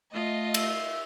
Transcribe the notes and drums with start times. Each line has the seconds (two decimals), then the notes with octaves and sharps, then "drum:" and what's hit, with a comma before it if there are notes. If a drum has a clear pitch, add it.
0.14 A3 F4 D#5
0.54 E5, drum: cymbal